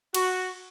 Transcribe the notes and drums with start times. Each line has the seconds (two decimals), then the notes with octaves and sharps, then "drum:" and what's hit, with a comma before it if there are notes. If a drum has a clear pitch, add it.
0.14 F#4, drum: cymbal